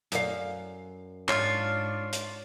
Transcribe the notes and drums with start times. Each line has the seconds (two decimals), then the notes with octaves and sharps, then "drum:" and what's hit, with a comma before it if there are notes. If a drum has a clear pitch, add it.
0.12 F#2 F5, drum: hi-hat
1.29 G#2 D4 F4 C#5, drum: clap
2.13 drum: hi-hat